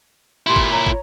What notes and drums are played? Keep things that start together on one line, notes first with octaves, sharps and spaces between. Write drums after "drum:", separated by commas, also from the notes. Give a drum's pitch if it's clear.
A#2 E4 G4 C6
drum: kick
C#5 A#5
drum: kick